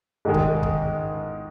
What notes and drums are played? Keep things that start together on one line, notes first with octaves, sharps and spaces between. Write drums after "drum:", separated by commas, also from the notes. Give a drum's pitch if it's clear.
G#2 D#3 G#3
drum: kick
drum: kick